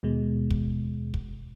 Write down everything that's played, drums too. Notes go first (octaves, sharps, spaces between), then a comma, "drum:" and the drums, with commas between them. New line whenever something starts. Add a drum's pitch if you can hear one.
D#2 B2 G#3
drum: kick
drum: kick